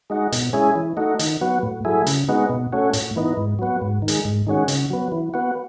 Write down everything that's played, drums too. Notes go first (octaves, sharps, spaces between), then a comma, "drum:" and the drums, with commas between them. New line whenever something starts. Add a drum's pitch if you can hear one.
G#3 D#4 F#4
B2, drum: hi-hat
G#3 C#4 E4 G#4
E3
A3 D#4 F#4
D#3, drum: hi-hat
F#3 B3 F#4
A2
F#3 A3 E4 G#4
C#3, drum: hi-hat
G#3 B3 D#4 F#4
B2
A3 C#4 F#4
A2, drum: hi-hat
E3 B3 D#4
G#2
F#3 B3 F#4
G#2
D#3
G#3, drum: hi-hat
G#2
D#3 G#3 C#4 F#4
C#3, drum: hi-hat
F#3 B3
E3
B3 F#4